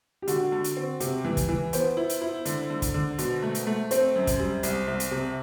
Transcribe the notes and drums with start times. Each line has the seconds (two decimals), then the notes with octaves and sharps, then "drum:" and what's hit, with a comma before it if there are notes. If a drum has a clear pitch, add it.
0.22 G4
0.28 D3 F#4, drum: hi-hat
0.52 D3
0.64 drum: hi-hat
0.77 C4
1.00 C3 G4, drum: hi-hat
1.25 E3
1.37 drum: kick, hi-hat
1.49 E3
1.73 B3 C5, drum: hi-hat
1.97 E4
2.09 drum: hi-hat
2.22 E4
2.45 D3, drum: hi-hat
2.70 D3
2.82 drum: kick, hi-hat
2.94 D3
3.18 B2, drum: hi-hat
3.42 A3
3.55 drum: hi-hat
3.67 A3
3.91 C4 C5, drum: hi-hat
4.16 F#2
4.27 drum: kick, hi-hat
4.40 G3
4.63 C2, drum: hi-hat
4.88 C2
5.00 drum: hi-hat
5.11 C3